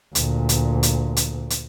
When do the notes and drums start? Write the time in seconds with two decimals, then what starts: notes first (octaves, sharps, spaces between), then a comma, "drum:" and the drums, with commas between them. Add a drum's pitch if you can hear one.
0.15 D2 A#2, drum: hi-hat
0.49 drum: hi-hat
0.83 drum: hi-hat
1.17 drum: hi-hat
1.50 drum: hi-hat